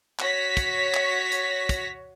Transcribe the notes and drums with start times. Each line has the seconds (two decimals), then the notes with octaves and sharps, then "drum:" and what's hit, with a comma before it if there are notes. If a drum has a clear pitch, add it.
0.19 F#4 C#5 A#6 B6, drum: clap
0.57 drum: kick, hi-hat
0.94 drum: clap
1.32 drum: hi-hat
1.69 drum: kick, hi-hat